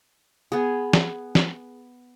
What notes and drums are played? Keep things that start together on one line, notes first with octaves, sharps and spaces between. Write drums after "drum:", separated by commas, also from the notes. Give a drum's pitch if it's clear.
B3 G#4
drum: snare
drum: snare